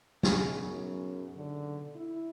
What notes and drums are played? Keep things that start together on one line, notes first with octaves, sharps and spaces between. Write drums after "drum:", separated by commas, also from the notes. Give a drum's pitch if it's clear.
B1 C#3, drum: snare
F#2
D3
E4